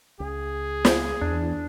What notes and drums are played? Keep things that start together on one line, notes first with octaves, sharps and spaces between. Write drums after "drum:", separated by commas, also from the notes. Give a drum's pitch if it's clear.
C#2 G#4
drum: snare
E2 D4